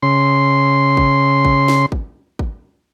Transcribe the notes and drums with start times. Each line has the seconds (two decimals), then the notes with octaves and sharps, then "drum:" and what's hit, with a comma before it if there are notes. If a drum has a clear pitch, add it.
0.02 C#3 C6
0.97 drum: kick
1.45 drum: kick
1.68 drum: snare
1.92 drum: kick
2.39 drum: kick